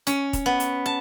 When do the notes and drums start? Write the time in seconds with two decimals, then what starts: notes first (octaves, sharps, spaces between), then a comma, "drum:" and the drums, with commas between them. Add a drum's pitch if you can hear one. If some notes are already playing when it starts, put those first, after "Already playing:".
0.07 C#4, drum: hi-hat
0.33 drum: kick, hi-hat
0.46 B3
0.60 drum: hi-hat
0.86 A5